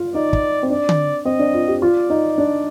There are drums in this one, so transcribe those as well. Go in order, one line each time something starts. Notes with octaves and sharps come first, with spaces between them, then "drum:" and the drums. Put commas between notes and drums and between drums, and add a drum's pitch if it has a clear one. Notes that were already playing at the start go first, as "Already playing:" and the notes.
Already playing: F4
D#4 D5
drum: kick
C4
D4 D5
drum: tom D3
C4 D#5
D4
F4
G4
F4 D5
D#4
D4